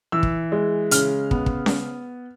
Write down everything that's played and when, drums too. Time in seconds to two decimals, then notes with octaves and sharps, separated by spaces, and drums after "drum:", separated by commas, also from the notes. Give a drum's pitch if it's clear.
0.12 E3 E6
0.23 drum: kick
0.52 G#3
0.91 C#3 F6, drum: hi-hat
1.31 B3, drum: kick
1.46 drum: kick
1.66 drum: snare C#4